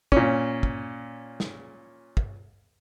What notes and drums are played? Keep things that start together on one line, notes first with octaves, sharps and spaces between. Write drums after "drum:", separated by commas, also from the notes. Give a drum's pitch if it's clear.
A#2 C#4, drum: kick
drum: kick
drum: snare
drum: kick